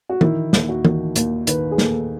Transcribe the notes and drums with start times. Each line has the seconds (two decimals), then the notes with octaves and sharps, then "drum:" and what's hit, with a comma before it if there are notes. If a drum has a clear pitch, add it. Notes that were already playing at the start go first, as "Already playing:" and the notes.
0.09 F#4
0.21 D#3 E4, drum: tom E3
0.53 D#2, drum: snare
0.69 F#4
0.85 D#3, drum: tom E3
1.16 D#2, drum: hi-hat
1.47 D#3 B4, drum: hi-hat
1.71 G#4
1.78 D#2 A4, drum: snare